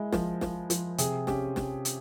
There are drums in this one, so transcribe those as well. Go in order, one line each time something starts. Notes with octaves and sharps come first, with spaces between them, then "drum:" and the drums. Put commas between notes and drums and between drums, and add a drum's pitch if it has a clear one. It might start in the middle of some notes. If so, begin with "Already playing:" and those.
Already playing: G#3 E4
F3, drum: snare
F3, drum: snare
F3, drum: hi-hat
C3 G#4, drum: hi-hat
C#4 G4, drum: snare
drum: snare
drum: hi-hat